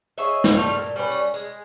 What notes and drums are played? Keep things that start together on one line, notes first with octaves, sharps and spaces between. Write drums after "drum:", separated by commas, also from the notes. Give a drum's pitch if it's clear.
G#4 C#5 D#5 E5
drum: snare
G3 A3 D#4 F4
A#2
G3 C#4 B4
drum: tambourine
G#3, drum: tambourine